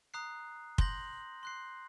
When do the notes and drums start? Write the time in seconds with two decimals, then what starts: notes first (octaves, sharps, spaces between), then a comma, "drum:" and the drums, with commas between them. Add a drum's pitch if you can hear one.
0.14 A#5 D#6 F#6 C7
0.78 C6 G6 A#6 F#7, drum: kick
1.43 C6 F#6 C7